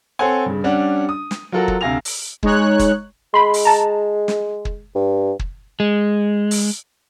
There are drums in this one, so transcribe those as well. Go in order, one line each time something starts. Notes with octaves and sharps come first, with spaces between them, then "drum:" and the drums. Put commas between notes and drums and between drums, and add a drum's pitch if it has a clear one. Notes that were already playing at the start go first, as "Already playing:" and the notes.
C4 A4 C5 C#5 F#5 G#5
G2 C#3
G3 C#4 D4 F#5
D#6
drum: snare
F#3 F4 F#4 A4 A#4 F#5
drum: kick
D2 C3 F5 G#5 A#6 F7
drum: open hi-hat
G#3 D#4 C#5 F#6, drum: kick
drum: kick, hi-hat
G#3 B5 C6
drum: open hi-hat
A5 A#5
drum: snare
drum: kick
G2
drum: kick
G#3
drum: open hi-hat